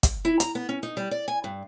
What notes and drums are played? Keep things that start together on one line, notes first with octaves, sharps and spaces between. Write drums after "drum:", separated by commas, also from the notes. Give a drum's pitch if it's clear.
drum: kick, hi-hat
E4
A#5, drum: hi-hat
B3
C#4
D#4
G3
D5
G#5
G2